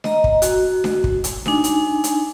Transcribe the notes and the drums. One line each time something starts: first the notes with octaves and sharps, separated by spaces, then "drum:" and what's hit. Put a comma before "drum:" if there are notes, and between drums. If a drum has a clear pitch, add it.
D#5 A#5, drum: snare D4
drum: kick
F#4, drum: hi-hat
drum: snare D4
drum: kick
drum: hi-hat
D4 D#4 G#5, drum: snare D4
drum: hi-hat
drum: hi-hat